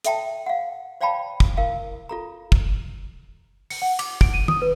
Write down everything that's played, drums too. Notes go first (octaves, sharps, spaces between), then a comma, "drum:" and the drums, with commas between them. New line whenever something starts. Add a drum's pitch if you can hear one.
A4 E5 G5 A5, drum: hi-hat
F5 F#5
C5 D5 F5 G5 A5 B5
drum: kick
E4 A#4 F5
F4 A4 A#5
drum: kick
C#7, drum: open hi-hat
F#5
D6, drum: cymbal
D7, drum: kick
D#7
D#6, drum: tom
B4